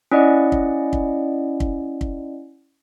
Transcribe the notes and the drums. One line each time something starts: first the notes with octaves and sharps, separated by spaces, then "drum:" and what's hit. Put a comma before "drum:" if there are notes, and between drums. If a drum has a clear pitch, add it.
C#4 E4 D5 D#5 F#5
drum: kick
drum: kick
drum: kick
drum: kick